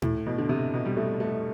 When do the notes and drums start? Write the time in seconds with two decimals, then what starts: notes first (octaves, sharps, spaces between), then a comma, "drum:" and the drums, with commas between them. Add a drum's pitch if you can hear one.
0.02 A2, drum: tom
0.26 B2
0.38 D3
0.49 C3
0.74 B2
0.86 G3
0.97 A3
1.20 A3